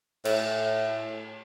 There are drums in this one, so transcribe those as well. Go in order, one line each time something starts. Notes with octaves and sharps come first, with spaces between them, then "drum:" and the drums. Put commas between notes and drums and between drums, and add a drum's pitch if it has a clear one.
A2, drum: cymbal